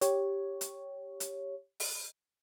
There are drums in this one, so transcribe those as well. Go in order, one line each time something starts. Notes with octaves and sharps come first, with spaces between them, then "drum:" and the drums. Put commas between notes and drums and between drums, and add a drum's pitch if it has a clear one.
G4 C#5, drum: hi-hat
drum: hi-hat
drum: hi-hat
drum: open hi-hat